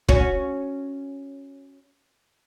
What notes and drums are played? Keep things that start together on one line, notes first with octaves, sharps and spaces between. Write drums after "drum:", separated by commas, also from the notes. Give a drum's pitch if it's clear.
C#4 F#4, drum: kick